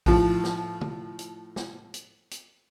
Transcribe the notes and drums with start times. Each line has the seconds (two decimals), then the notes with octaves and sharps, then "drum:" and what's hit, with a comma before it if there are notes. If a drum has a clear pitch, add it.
0.06 A2 F3, drum: kick A#1, open hi-hat
0.44 drum: snare
0.81 drum: tom
1.19 drum: hi-hat
1.56 drum: snare
1.94 drum: hi-hat
2.31 drum: hi-hat